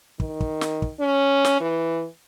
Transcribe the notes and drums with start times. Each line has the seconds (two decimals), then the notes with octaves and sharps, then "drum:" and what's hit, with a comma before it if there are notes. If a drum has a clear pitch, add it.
0.20 D#3, drum: kick
0.40 drum: kick
0.61 drum: snare
0.82 drum: kick
1.00 C#4
1.45 drum: snare
1.60 E3